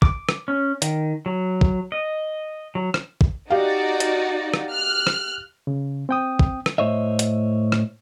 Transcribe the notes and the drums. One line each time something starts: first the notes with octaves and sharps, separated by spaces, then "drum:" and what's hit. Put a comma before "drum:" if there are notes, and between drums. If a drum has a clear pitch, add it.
D6, drum: kick
drum: rim click
C#4
D#3, drum: hi-hat
F#3
drum: kick
D#5
F#3
drum: rim click
drum: kick
D#4 F#4 G4 D5 F5
drum: hi-hat
drum: rim click
F6 F#6
drum: rim click
C#3
C4 G5 D#6
drum: kick
drum: rim click
A2 C5 C#5 D#5 E5
drum: hi-hat
drum: rim click